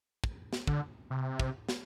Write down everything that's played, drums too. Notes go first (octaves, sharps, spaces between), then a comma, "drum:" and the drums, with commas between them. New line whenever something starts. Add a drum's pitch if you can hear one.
drum: kick
drum: snare
D3, drum: kick
C3
drum: kick
drum: snare